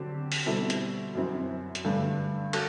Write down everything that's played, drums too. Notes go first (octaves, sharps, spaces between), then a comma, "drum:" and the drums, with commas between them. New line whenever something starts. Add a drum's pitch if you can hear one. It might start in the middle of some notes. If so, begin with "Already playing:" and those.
Already playing: D3 F#3 C4 G4 C5
drum: open hi-hat
B2 G3 C4 E4 A4
drum: hi-hat
F#2 F#3 C4 E4
drum: hi-hat
G2 D3 A3
F#4 A4, drum: cymbal